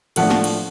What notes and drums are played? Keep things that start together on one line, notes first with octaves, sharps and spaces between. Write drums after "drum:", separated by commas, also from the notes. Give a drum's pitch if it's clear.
A2 F3 A3 D4 F#5, drum: cymbal
drum: snare
drum: cymbal